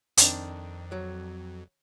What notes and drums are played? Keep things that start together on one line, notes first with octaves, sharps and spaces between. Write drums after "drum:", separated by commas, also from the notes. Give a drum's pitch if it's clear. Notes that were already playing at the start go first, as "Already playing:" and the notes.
F2 D#3 C4 D4, drum: hi-hat
F#3